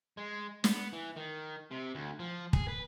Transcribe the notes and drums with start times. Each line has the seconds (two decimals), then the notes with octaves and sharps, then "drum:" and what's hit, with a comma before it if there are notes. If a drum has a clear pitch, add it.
0.17 G#3
0.64 B3, drum: snare
0.93 E3
1.16 D#3
1.71 C3
1.95 D2
2.19 F3
2.53 G#4, drum: kick
2.68 B4